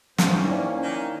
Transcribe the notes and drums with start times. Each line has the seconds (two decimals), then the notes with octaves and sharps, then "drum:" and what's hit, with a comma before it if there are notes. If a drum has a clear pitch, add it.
0.18 G2 C5, drum: snare
0.34 A#3 C#4 D#4 E4 C#6
0.48 C5 D5 G5
0.83 D#3